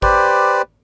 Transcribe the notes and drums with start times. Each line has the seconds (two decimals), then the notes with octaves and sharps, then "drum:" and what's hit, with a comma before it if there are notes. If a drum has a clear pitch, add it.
0.02 G4 B4 C5 D5, drum: kick G#1